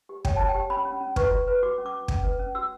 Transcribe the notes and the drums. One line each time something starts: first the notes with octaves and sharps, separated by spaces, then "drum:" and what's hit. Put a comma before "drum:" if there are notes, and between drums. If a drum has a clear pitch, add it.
G4
C#5 G5, drum: kick
C#5 A5
G5
G4
C#4 B5
C#4
C#4
B4 C#6, drum: kick
F#4
B4
F#4 D6
C#4
D6
C#4
C#4, drum: kick
B4
C#4
F#4 E6